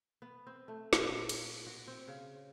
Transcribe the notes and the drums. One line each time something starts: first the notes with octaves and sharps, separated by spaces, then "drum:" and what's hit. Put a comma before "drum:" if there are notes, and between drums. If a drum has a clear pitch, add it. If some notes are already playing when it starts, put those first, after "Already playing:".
B3
C4
A3
A#2, drum: snare
drum: cymbal
F#4
C4
C#3